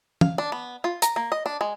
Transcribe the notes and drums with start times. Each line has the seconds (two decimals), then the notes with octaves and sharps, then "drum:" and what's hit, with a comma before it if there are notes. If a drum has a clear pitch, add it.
0.21 F5, drum: tom E3
0.38 D4
0.52 B3
0.84 F4
1.02 A#5, drum: hi-hat
1.16 A#3
1.32 D#5
1.46 D4
1.61 G#3